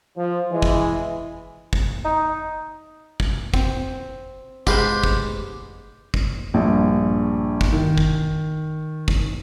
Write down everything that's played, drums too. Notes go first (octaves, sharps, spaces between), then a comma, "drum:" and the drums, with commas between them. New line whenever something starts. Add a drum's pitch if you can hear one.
F3
E3 G#3
drum: kick
drum: kick
D#4
drum: kick
C4, drum: kick
G#2 G4 B4 C5 F5, drum: kick
drum: kick
drum: kick
A#1 G2
drum: kick
D#3
drum: kick
drum: kick